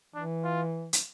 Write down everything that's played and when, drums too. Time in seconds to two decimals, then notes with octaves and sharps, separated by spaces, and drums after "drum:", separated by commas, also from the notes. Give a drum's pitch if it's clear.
0.15 E3 D4
0.44 F4
0.93 drum: hi-hat